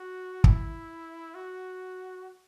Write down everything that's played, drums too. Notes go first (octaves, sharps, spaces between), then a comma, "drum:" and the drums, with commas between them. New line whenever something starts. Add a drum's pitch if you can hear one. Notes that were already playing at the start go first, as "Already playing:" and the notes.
Already playing: F#4
E4, drum: kick
F#4